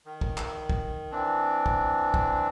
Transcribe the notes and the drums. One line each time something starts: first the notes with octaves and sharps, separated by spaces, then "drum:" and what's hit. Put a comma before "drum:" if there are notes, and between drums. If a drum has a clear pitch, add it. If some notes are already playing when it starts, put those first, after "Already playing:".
D#3
drum: kick
drum: clap
drum: kick
E3 C4 D4
drum: kick
drum: kick